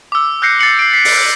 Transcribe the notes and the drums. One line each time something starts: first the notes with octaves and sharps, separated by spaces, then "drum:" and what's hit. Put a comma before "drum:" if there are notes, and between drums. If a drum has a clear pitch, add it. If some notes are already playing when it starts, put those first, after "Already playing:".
D6 E6
E6 F#6 G6 A#6 C7 C#7
A6 C7 C#7 F#7
C7 D7
B6 C7
drum: open hi-hat